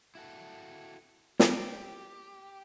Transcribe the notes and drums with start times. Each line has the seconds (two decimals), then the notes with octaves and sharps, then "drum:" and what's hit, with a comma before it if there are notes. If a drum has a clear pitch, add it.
0.15 E4 F#4 A4
1.39 G4, drum: snare